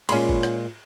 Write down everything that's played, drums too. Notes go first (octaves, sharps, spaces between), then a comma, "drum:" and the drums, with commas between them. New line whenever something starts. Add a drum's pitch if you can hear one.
A#2 G#3 C#4 F4 B5 C6, drum: cymbal
drum: kick G1
drum: rim click